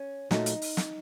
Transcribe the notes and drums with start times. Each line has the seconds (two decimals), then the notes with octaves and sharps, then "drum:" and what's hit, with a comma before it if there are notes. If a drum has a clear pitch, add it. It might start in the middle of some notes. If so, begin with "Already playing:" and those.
Already playing: C#4
0.31 A#2 F#3 A3 D#4, drum: snare
0.46 drum: hi-hat
0.62 drum: open hi-hat
0.77 drum: snare